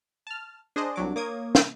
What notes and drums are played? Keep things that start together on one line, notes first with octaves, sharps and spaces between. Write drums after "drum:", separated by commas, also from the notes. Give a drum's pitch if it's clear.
A5 F6
D4 G#4 C5 D#5
C2 F#3 D6
A#3 C#5 D6 D#6 G#6
drum: snare